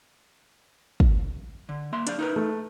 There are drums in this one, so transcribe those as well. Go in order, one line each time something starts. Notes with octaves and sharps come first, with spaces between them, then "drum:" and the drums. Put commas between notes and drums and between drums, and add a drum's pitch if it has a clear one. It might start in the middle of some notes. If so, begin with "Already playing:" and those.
drum: kick
D3
A#3 E5 C6
D4 D5 F5, drum: hi-hat
D#4 A#4 B4
A3